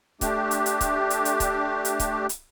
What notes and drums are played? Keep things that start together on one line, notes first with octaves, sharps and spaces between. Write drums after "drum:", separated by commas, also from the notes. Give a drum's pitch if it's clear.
A3 D4 G4, drum: kick C#1, hi-hat
drum: hi-hat
drum: hi-hat
drum: kick C#1, hi-hat
drum: hi-hat
drum: hi-hat
drum: kick C#1, hi-hat
drum: hi-hat
drum: kick C#1, hi-hat
drum: hi-hat